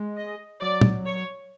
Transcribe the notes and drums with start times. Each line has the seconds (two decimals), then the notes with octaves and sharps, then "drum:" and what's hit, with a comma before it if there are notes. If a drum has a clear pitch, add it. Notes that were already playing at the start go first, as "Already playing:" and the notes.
Already playing: G#3
0.17 D#5
0.62 F#3 D5
0.81 drum: tom
1.06 C#5